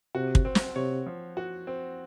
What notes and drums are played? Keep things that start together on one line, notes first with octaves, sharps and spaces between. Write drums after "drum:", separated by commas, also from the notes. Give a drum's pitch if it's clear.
C3 F#4
drum: kick
C4
drum: snare
C3 C#5
F3
F#4
C4